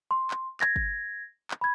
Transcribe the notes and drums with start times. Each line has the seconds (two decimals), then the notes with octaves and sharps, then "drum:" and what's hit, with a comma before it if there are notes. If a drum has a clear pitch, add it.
0.11 C6
0.31 drum: clap
0.61 G#6 A#6, drum: clap
0.76 drum: kick
1.51 drum: clap
1.61 B5 G#6